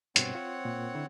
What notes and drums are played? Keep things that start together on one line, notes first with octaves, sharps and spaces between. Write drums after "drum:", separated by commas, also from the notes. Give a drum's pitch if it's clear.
G2 B2 C4 C#5 F#5, drum: hi-hat
F4 C5
A#2
D3 E4 C5